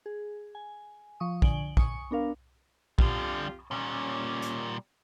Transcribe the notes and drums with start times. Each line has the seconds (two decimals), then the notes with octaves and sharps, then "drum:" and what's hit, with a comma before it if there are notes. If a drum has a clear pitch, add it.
0.06 G#4
0.55 G#5
1.20 F3 C#6 D#6
1.42 D3 G#5 D7 F#7 G7, drum: kick A#1
1.77 G#5 C#6 D#6 C#7, drum: kick A#1
2.11 B3 D4 A#4 F5
2.99 F2 D3 G3 F4 G4, drum: kick A#1
3.71 A#2 G3 C#4
4.42 drum: hi-hat